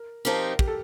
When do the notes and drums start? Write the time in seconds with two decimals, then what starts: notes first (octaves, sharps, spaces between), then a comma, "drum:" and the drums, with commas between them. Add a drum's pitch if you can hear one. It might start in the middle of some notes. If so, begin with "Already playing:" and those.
Already playing: A#4
0.25 F3 C4 D#4 G4 A#4
0.59 G4, drum: kick
0.68 A4